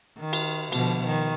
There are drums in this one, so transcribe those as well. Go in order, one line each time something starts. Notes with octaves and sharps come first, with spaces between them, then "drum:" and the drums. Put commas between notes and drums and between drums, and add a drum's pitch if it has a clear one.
D#3
drum: cymbal
B2 D3 F3, drum: cymbal
D#3